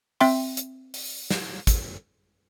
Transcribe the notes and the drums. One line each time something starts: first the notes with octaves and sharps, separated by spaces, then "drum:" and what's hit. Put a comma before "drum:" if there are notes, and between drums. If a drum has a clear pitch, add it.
C4 E5 G5 C6, drum: open hi-hat
drum: hi-hat
drum: open hi-hat
drum: snare
drum: kick, hi-hat